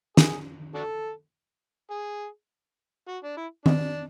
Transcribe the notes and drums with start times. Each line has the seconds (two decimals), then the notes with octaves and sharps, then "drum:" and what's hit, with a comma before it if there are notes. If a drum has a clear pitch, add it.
0.17 G#4, drum: snare
0.75 D4 F#4 A4
1.91 G#4
3.08 F#4
3.24 D4
3.37 E4
3.66 D4, drum: tom D#3